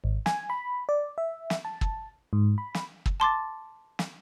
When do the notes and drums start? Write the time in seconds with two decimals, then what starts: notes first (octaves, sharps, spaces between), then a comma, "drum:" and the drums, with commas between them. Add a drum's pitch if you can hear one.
0.04 G#1
0.26 G#5, drum: snare
0.50 B5
0.89 D5
1.18 E5
1.50 drum: snare
1.65 A5
1.81 drum: kick
2.33 G#2
2.58 B5
2.74 drum: snare
3.06 drum: kick
3.20 A5 C6 D6 A6
3.99 drum: snare